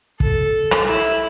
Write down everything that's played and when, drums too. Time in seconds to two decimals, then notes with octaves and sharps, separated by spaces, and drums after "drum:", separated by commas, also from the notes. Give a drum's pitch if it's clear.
0.20 A4, drum: kick
0.71 drum: rim click
0.88 E4